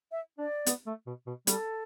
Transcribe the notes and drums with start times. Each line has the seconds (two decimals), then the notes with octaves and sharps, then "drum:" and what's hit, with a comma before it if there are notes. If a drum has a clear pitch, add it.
0.12 E5
0.38 D4 D5
0.66 B3, drum: hi-hat
0.87 A3
1.07 B2
1.27 B2
1.47 G3 A4, drum: hi-hat